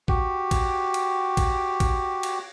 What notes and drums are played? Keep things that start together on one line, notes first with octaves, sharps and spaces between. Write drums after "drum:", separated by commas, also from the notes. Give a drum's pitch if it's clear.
F#4 G4, drum: kick
drum: kick, cymbal
drum: cymbal
drum: kick, cymbal
drum: kick, cymbal
drum: cymbal